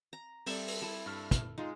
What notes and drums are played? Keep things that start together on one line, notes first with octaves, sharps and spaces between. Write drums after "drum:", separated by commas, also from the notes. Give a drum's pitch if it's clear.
A#5
G3 C4 A4 D5 E5, drum: open hi-hat
drum: open hi-hat
E4 A4
G2 E5 F6
drum: kick, hi-hat
G#3 D#4 F4 D#5